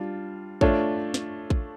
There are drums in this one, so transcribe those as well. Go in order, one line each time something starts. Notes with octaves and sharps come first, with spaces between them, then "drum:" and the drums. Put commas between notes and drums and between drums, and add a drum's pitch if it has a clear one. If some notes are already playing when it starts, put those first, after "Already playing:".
Already playing: G3 D4 F4
A3 D4 F4 C#5, drum: kick A1
drum: snare
drum: kick A1